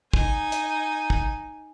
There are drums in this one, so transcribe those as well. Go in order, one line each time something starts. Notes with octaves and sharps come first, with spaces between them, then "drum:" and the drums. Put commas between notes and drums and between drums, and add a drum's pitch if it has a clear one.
D#4 G#5, drum: kick
drum: hi-hat
drum: kick